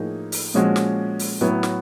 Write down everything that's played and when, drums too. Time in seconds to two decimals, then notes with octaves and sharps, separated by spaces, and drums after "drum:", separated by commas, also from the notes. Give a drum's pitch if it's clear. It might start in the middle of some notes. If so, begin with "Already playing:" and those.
Already playing: A2 F3 A#3 D#4 G#4
0.32 drum: open hi-hat
0.54 A#2 F3 G#3 C#4 F#4
0.76 drum: snare
1.19 drum: open hi-hat
1.41 A2 F#3 B3 E4
1.63 drum: snare